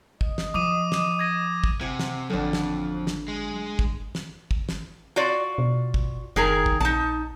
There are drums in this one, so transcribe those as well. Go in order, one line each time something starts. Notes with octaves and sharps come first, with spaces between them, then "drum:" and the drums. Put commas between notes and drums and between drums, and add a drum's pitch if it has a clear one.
D#5, drum: kick
drum: snare
F3 D6 D#6 D#7
drum: snare
G#6 A#6 D#7
drum: kick
C3 F#5 G#5
drum: snare
G#1 F2 D3 F#3 D4
drum: snare
drum: snare
G#3
drum: kick
drum: snare
drum: kick
drum: snare
F4 F#4 D5
B2
drum: kick
F#1 D#3 G#4 A#4
drum: kick
A#1 D#4 A5